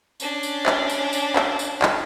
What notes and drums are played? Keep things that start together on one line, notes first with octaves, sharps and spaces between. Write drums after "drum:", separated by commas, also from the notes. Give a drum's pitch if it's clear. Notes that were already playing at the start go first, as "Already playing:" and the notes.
C#4 D4, drum: tambourine
drum: tambourine
drum: clap
drum: tambourine
drum: tambourine
drum: clap
drum: tambourine
drum: clap